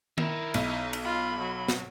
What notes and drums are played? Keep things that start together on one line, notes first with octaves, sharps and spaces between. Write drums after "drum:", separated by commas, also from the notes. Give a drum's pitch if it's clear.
D#3 E4 A#4 E7, drum: tom D#3
B1 D#4, drum: cymbal
drum: cymbal
F4 B5
F#3
drum: snare